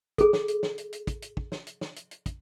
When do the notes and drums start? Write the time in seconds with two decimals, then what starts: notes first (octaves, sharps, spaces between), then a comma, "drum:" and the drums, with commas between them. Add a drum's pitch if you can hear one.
0.18 G#4 A4, drum: kick, hi-hat
0.33 drum: snare
0.48 drum: hi-hat
0.63 drum: snare
0.78 drum: hi-hat
0.92 drum: hi-hat
1.07 drum: kick, hi-hat
1.22 drum: hi-hat
1.37 drum: kick
1.52 drum: snare
1.67 drum: hi-hat
1.81 drum: snare
1.96 drum: hi-hat
2.11 drum: hi-hat
2.26 drum: kick, hi-hat